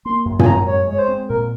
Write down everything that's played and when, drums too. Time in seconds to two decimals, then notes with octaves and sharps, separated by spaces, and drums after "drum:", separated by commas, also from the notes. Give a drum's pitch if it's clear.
0.05 A#3 C6
0.25 F#2
0.39 G#5, drum: tom
0.46 F#2 A#5
0.66 G#3 C#5
0.88 G#3 C#5
0.99 C5
1.08 C4
1.29 A#2 A#4